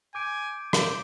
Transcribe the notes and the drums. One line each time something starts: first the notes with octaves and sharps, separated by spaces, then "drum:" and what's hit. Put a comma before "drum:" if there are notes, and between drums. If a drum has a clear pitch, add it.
G#5 D6 G6 D7
D6 G6 D7, drum: rim click